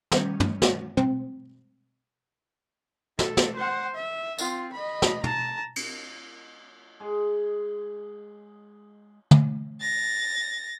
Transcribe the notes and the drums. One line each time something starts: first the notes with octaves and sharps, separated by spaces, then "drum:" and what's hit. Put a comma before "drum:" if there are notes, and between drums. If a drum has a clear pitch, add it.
D#3 G3 C#4, drum: snare
drum: tom
drum: snare
C4, drum: tom
A4, drum: snare
drum: snare
C5 F#5
E5
C4 F4, drum: tambourine
D#5 B5
drum: snare
A5 A#5, drum: tom
drum: cymbal
G#3 G#4
drum: tom
A6 A#6